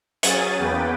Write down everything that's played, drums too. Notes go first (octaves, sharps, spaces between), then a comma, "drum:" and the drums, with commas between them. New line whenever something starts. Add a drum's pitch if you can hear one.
F#3 C#4 G#4 A6 D#7, drum: hi-hat
E2 A#3 B3 B4 G5